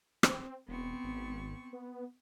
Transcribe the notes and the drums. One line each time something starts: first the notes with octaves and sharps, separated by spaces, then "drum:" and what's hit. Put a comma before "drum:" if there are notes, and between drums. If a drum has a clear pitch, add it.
C4, drum: rim click
E1 B3 C4 C#6
G#1
B3